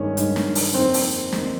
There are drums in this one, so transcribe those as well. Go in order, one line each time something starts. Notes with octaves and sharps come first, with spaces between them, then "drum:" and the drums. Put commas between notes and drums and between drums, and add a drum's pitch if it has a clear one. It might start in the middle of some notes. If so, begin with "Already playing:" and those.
Already playing: G2 D#3 G#3 C#4
G2 D#3 G#3, drum: hi-hat
drum: snare
drum: open hi-hat
F2 D#3 A#3 C4 C5
drum: open hi-hat
F2 D#3 A#3, drum: snare